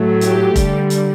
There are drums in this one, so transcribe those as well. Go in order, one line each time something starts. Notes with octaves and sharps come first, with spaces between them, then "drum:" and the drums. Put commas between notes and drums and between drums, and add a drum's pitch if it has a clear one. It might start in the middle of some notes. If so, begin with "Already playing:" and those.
Already playing: A2 F#3 A3
G4, drum: hi-hat
D3 G3, drum: kick F1, hi-hat
drum: hi-hat